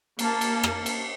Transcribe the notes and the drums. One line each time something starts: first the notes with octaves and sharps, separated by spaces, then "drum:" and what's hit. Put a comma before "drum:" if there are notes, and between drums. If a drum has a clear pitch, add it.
A#3 A5, drum: cymbal
drum: cymbal
drum: rim click
drum: cymbal